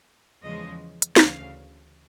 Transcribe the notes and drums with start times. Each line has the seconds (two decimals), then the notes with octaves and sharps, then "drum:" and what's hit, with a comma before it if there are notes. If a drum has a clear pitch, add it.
0.42 E2 C#3 F3 G#3 D#5
1.02 drum: hi-hat
1.16 D2 C#3 E3 F5, drum: snare